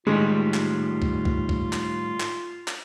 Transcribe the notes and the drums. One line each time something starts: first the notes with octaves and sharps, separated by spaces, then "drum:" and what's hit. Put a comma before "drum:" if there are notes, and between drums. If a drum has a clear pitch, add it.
A2 D#3 G3 G#3 F4
drum: clap
drum: kick
drum: kick
drum: kick
drum: clap
drum: clap
drum: clap